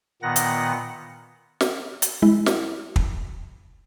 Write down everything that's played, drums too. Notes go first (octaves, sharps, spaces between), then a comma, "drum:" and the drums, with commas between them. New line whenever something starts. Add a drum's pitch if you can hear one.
A#2 D#3 B3 F#5 A#6
drum: hi-hat
drum: snare
drum: hi-hat
G#3 E4
drum: snare
drum: kick